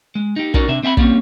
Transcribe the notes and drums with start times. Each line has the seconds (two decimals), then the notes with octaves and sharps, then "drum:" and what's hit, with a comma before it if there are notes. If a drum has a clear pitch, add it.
0.15 G#3
0.36 D#4 G4
0.54 C#4 D#4 F#4 A#4 D5, drum: kick
0.68 C3 D4 E5
0.83 C4 E5 G5 B5
0.97 G3 A#3 C4 C#4, drum: kick